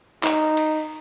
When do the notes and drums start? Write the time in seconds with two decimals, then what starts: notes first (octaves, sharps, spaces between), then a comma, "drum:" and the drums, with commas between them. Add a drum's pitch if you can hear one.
0.24 D#4, drum: clap
0.57 drum: cymbal